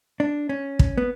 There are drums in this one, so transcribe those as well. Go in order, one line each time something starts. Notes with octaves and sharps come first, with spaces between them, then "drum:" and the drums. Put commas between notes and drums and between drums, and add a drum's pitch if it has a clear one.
D4
C#4
drum: kick
B3